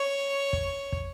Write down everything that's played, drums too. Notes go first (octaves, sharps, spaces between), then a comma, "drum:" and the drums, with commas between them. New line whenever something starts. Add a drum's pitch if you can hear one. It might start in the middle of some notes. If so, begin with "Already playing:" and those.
Already playing: C#5
drum: kick
drum: kick